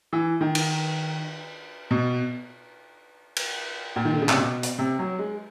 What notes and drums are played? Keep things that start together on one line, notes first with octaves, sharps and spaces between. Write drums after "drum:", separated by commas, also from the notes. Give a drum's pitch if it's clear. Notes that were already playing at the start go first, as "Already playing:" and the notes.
E3
D#3
drum: cymbal
B2
drum: cymbal
A#2
D#3
D3
C#3
C3, drum: clap
B2
drum: hi-hat
C3
F#3
G#3